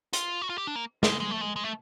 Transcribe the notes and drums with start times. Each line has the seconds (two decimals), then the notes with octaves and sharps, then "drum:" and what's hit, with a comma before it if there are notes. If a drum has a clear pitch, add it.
0.13 F4, drum: hi-hat
0.42 F#4
0.49 F4
0.58 G4
0.67 D4
0.76 A#3
1.03 G#3, drum: snare
1.20 G#3
1.31 A3
1.41 G#3
1.56 G#3
1.64 A3